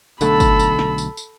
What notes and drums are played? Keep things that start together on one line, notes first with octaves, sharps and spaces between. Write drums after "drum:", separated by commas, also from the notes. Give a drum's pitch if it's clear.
B1 D3 A3 A4 B5, drum: tambourine
drum: kick, tambourine
drum: tambourine
drum: snare
drum: tambourine
drum: tambourine